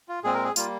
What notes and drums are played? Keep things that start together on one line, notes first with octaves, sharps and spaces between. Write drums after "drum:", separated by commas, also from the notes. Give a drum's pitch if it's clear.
F4
A#2 G#3 C4 G#4
A#4
G#4
G3 A#3 F4, drum: tambourine